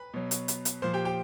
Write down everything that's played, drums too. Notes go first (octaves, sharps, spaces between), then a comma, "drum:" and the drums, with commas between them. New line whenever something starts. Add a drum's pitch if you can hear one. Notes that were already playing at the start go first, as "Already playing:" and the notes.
Already playing: B4 B5
B2 F#3
drum: hi-hat
drum: hi-hat
drum: hi-hat
A#2 F3 C5 C6
G4 G5
G4 G5